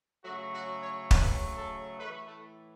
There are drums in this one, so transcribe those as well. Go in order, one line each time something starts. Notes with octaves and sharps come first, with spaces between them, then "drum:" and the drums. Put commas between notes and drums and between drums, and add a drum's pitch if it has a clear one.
C#3 F#3 A3 F#4
F#4
C#5
B4, drum: kick
A4
A2 E3 A3 B4
A3